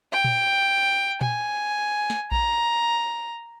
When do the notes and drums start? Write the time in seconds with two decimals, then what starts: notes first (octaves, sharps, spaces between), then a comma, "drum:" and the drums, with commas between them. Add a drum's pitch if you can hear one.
0.13 G5
0.24 drum: tom A#2
1.21 G#5, drum: tom A#2
2.10 drum: snare
2.32 A#5, drum: kick A#1